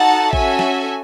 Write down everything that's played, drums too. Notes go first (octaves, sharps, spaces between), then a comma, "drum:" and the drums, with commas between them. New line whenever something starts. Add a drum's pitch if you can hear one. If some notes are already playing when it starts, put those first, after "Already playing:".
Already playing: D#4 F#4 A4 F#5 A5
C#4 F#4 A4 E5 G#5, drum: kick
drum: snare